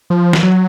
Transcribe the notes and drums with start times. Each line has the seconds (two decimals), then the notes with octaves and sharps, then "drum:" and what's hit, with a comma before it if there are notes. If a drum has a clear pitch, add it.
0.10 F3
0.33 drum: snare
0.43 F#3